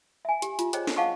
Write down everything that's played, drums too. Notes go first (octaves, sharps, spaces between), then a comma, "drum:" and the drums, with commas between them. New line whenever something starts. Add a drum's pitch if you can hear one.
E5 G#5
G4, drum: hi-hat
F4, drum: hi-hat
G#4 C5 C#5 D#5 G5, drum: hi-hat
drum: snare
D#5 F5 F#5 A5 C#6 D6